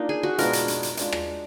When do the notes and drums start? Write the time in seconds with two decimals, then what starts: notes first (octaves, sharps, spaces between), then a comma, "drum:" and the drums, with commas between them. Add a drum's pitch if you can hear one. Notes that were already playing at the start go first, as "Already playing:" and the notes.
Already playing: A#3 D4 D#4 F4
0.09 G#4
0.23 F#4
0.38 B2 G#3 B3 D4 F4 A#4, drum: hi-hat
0.53 drum: hi-hat
0.68 drum: hi-hat
0.83 drum: hi-hat
0.97 G#3 D4 F4, drum: hi-hat
1.12 drum: rim click